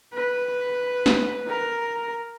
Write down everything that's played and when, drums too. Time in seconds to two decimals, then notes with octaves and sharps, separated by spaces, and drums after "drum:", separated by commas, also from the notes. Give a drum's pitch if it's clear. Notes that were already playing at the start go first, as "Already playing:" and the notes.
0.14 B4
1.06 drum: snare
1.48 A#4